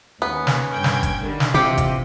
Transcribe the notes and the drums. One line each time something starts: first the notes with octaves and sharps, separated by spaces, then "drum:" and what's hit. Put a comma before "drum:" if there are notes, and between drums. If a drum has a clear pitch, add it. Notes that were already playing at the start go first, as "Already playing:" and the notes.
D#2 B3 C#4
drum: snare
G2 G5 G#6
drum: snare
drum: kick G1, hi-hat
D3 D#3 G3
drum: snare
C3 E3 F4 G4 D#5
drum: kick G1, hi-hat